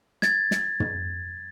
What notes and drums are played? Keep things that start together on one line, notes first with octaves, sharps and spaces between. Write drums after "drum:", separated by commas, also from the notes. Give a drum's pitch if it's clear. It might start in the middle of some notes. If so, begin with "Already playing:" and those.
G#6 A6, drum: snare
drum: snare
drum: tom